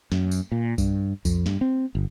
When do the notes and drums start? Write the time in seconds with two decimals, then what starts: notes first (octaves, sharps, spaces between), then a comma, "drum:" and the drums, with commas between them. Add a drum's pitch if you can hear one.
0.12 F#2, drum: snare
0.31 drum: tambourine
0.52 A#2
0.78 G2, drum: kick B1, tambourine
1.25 F2, drum: kick B1, tambourine
1.46 G2, drum: snare
1.61 C4
1.95 G1